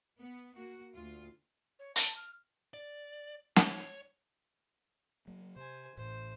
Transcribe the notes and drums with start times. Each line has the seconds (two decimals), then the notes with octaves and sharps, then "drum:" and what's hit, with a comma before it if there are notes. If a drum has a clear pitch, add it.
0.19 B3
0.55 A#3 F#4
0.94 D2 F4
1.79 C#5
1.96 A5, drum: hi-hat
2.16 F6
2.74 D5
3.56 C#5, drum: snare
5.27 F#3 A#3
5.56 C3 C5 G#5
5.97 A1 A2 C5